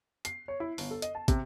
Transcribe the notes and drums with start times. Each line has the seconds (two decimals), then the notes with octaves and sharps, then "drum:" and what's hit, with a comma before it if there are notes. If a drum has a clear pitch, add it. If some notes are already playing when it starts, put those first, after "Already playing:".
0.25 C7, drum: hi-hat
0.48 C#5
0.60 E4
0.78 G1, drum: open hi-hat
0.91 A4
1.02 D#5, drum: hi-hat
1.15 A5
1.28 C3, drum: kick, hi-hat